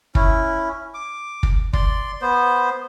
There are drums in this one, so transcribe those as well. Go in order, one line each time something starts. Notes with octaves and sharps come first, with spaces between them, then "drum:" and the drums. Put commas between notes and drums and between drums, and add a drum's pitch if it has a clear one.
C#4 E4, drum: kick
D6
drum: kick
D5 C6, drum: kick
B3 C5